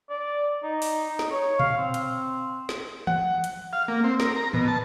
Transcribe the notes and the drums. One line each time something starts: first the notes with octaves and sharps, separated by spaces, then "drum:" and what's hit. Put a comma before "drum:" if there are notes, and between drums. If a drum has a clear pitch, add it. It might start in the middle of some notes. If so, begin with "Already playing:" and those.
D5
D#4
drum: open hi-hat
D#4
drum: snare
C#5
F5, drum: tom A#2
C4
drum: hi-hat
drum: snare
F#5, drum: tom E3
drum: hi-hat
F5
A#3
C4
A#4, drum: snare
A#5
B2, drum: tom E3
A5